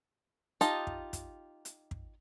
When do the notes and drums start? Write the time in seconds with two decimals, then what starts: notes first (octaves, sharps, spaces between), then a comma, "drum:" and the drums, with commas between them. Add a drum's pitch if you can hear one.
0.61 D#4 F4 G4 D#5 A5, drum: hi-hat
0.87 drum: kick
1.13 drum: kick, hi-hat
1.65 drum: hi-hat
1.91 drum: kick